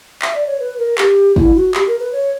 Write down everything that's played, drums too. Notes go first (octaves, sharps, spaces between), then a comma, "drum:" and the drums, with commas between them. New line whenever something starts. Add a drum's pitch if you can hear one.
E5, drum: clap
D5
C#5
B4
A#4
G4, drum: clap
E4, drum: kick
F#4
G4, drum: clap
A#4
B4
C#5